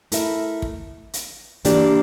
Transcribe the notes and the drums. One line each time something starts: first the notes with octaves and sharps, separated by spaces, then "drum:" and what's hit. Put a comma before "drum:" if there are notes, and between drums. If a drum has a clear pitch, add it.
A3 E4 A#4 E5, drum: hi-hat
drum: kick
drum: hi-hat
E3 A#3 D4 G4 D5, drum: hi-hat